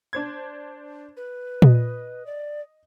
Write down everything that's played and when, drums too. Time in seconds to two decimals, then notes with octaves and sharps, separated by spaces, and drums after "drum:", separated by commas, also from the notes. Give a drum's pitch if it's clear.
0.13 D4 C5 G#6
1.17 B4
1.62 D#5, drum: tom A#2
2.26 D5